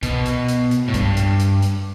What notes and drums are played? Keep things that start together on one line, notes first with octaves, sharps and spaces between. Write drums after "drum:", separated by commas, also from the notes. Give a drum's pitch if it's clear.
B2, drum: kick, hi-hat
drum: hi-hat
drum: hi-hat
drum: hi-hat
A2
G2, drum: kick, hi-hat
drum: hi-hat
drum: hi-hat
drum: hi-hat